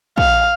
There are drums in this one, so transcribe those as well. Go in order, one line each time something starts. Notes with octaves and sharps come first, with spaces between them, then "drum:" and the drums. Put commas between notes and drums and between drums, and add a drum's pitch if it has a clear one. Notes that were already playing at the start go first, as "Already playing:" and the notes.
F5, drum: kick